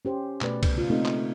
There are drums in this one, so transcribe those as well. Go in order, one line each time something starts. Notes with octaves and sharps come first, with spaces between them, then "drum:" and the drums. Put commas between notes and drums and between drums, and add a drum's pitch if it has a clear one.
C#4 G4 C5
B2 A3 B4 D5, drum: clap
drum: kick C2, cymbal
C#3 F4
A3 A#3 C4 D#4
drum: clap